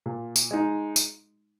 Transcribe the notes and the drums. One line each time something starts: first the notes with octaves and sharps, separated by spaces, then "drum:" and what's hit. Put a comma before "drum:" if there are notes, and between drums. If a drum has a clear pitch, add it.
A#2
drum: tambourine
G#3 D#4
drum: tambourine